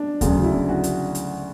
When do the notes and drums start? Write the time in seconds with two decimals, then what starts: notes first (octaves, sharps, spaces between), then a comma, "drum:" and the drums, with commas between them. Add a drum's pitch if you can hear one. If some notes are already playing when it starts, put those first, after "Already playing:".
Already playing: D4
0.21 D2 C#3 F#3, drum: kick D#2, hi-hat
0.43 E4
0.52 D4
0.68 F#4
0.84 drum: hi-hat
1.15 drum: hi-hat